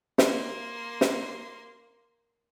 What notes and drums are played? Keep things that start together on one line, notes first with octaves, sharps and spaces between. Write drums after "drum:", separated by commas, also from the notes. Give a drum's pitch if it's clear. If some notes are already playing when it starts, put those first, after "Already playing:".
A#3 C6, drum: snare
drum: snare